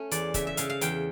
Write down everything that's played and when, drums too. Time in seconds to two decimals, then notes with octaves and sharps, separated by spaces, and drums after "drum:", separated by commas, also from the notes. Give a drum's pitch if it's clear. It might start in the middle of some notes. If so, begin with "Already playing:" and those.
Already playing: A3 C#4
0.11 E2 D5, drum: hi-hat
0.34 C#3 E5, drum: kick, hi-hat
0.47 E5
0.57 C#3 F5, drum: hi-hat
0.70 F5
0.81 E2 G5, drum: hi-hat